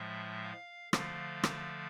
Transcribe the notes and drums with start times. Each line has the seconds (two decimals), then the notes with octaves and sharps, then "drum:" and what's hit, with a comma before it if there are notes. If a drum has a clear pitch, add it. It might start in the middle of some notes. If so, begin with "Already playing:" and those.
Already playing: A2 F3 G#3 E5
0.43 F5
0.93 D3 F3 A3 F5, drum: rim click
1.43 drum: rim click